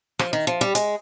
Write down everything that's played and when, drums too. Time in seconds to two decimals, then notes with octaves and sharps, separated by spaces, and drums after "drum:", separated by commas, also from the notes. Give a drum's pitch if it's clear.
0.19 F3, drum: rim click
0.33 D#3
0.47 F3
0.61 G3
0.75 G#3, drum: hi-hat